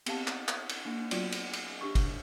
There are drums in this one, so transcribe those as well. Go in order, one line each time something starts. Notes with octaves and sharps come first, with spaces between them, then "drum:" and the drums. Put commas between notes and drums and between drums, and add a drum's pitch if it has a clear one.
B3 C4 G4 F5 A5, drum: cymbal
drum: clap
drum: clap
drum: cymbal
A#3 D4
F#3 B3 F4 F#4 D5, drum: cymbal
drum: cymbal
drum: cymbal
D4 G4 C#6
drum: kick, cymbal